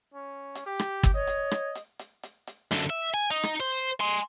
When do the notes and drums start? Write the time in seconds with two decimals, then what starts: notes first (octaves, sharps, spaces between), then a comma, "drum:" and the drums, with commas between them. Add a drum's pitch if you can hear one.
0.14 C#4
0.55 drum: hi-hat
0.66 G4
0.79 drum: rim click
1.03 drum: kick, hi-hat
1.14 C#5 D#5
1.27 drum: hi-hat
1.51 drum: rim click
1.75 drum: hi-hat
1.99 drum: hi-hat
2.23 drum: hi-hat
2.47 drum: hi-hat
2.71 F#2 D3, drum: rim click
2.90 E5
3.14 G#5
3.31 D#4
3.43 drum: rim click
3.60 C5
4.00 G#5 C6